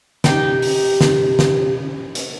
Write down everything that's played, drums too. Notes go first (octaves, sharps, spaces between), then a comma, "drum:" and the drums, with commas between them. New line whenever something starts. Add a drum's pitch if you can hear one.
D#4 G4, drum: snare
drum: open hi-hat
drum: snare
drum: snare
drum: hi-hat